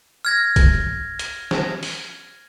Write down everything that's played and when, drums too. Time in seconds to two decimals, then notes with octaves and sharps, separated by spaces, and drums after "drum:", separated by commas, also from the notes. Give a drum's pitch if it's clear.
0.25 F6 G#6 A#6
0.56 drum: kick, hi-hat
1.19 drum: hi-hat
1.51 drum: snare
1.83 drum: open hi-hat